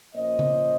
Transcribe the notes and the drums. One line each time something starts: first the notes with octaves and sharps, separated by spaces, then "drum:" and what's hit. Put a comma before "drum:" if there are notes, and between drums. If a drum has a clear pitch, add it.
A#2 F3 A#3 C#4 C5 D#5
drum: tom C#3